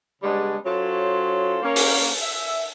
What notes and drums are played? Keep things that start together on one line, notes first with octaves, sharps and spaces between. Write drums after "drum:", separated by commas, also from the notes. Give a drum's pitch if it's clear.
C#3 G3 G#3 B3 C#4 D4
F#3 C#4 F4 A4 C5
A#3 C#4 A#4
drum: open hi-hat
E5